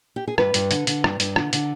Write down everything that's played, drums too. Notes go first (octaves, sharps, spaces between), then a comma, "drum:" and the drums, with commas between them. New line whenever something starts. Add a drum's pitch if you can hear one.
G4
G#4
G2 B4, drum: rim click
G2, drum: hi-hat
D3, drum: hi-hat
D3, drum: hi-hat
G2, drum: rim click
G2, drum: hi-hat
D3, drum: rim click
D3, drum: hi-hat